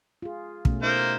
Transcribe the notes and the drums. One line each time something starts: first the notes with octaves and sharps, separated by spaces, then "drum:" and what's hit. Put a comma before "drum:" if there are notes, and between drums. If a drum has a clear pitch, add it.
F4 G#4
B2 A3 C#4, drum: kick
A#3 D#4 C5 D#5 E5